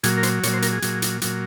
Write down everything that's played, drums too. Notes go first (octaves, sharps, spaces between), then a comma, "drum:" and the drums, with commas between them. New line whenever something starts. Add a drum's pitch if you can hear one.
A#2 F#3 G#4, drum: hi-hat
A#4
C5, drum: hi-hat
A#2 F#3 C#5, drum: hi-hat
C5
A#4, drum: hi-hat
G#4
A#2 F#3, drum: hi-hat
drum: hi-hat
A#2 F#3, drum: hi-hat